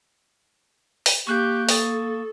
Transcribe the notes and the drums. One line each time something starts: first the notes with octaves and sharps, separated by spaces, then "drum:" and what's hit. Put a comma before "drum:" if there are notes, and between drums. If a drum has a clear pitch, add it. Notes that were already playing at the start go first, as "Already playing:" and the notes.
drum: open hi-hat
A#3 G4 C#6 F#6 G6
A4 C#6 D#6 A6, drum: open hi-hat